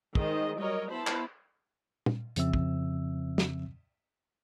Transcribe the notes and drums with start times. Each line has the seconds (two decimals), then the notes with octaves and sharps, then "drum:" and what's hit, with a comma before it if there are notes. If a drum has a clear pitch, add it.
0.15 D#3 G#3 C5 D#5, drum: kick
0.59 F#3 G3 A#4 C#5 D#5
0.91 B3 E4 C5 A5 B5
1.07 drum: clap
2.06 drum: tom
2.36 F2 C#3 F3 C4 E5 E6, drum: hi-hat
2.53 drum: kick
3.38 drum: snare